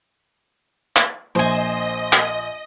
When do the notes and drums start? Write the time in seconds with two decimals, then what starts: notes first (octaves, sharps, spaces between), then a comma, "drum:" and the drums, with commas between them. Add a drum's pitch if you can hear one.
0.96 drum: clap
1.35 A#1 C5 D#5 G#5 D#7
2.13 drum: clap